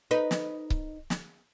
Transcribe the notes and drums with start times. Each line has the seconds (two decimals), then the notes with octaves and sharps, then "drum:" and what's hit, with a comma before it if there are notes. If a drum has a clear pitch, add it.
0.11 D#4 B4
0.31 drum: snare
0.70 drum: kick C#1
1.10 drum: snare